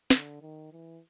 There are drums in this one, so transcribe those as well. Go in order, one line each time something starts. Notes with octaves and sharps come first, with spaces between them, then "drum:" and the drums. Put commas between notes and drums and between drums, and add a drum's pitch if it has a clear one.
D3, drum: snare
D#3
E3